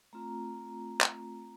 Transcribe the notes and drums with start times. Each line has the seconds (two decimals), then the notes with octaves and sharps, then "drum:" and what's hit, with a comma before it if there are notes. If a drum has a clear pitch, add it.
0.13 A3 C4 F4 A#5
1.01 drum: clap